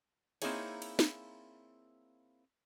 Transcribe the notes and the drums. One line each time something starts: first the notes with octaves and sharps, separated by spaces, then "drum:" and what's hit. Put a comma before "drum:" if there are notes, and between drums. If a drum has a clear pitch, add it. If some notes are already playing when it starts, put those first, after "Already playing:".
A#3 C4 D#4 E4 G#4 C#5, drum: cymbal
drum: cymbal
drum: snare